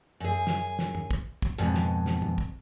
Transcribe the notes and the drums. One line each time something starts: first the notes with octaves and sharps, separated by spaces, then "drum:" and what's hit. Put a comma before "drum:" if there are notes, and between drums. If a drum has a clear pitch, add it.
F#2 G#4
drum: snare
drum: snare
drum: tom
drum: kick
drum: kick
F2 G#2 B2
drum: snare
drum: snare
drum: tom
drum: kick